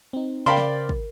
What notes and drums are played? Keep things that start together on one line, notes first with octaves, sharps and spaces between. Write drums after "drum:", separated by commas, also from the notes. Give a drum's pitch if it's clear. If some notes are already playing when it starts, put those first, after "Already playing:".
C4 D#4
C#3 A#4 C5 D5 F5 G5 B5 C6
drum: snare
drum: kick